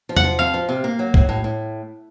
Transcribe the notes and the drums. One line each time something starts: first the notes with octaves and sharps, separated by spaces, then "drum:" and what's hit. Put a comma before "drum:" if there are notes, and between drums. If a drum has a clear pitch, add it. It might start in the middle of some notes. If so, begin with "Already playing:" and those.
F3
F#5, drum: tom E2
F3
F2 F5
F3
C3
A#3
F#3
A2, drum: kick B1
A2
A2